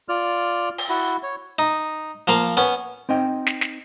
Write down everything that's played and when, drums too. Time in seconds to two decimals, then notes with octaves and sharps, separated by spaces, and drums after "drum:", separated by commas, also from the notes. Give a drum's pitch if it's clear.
0.09 F4 D5 F6
0.78 drum: open hi-hat
0.89 E4 F#4
1.23 C#5
1.59 D#4
2.27 F3 A#3 F5
2.57 B3 C#4
3.09 C4 D#4 D#5 G5
3.46 drum: snare
3.61 drum: snare